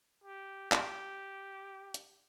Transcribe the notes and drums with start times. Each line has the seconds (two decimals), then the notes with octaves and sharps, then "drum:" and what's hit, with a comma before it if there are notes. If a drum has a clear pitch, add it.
0.24 G4
0.72 G4, drum: clap
1.94 drum: hi-hat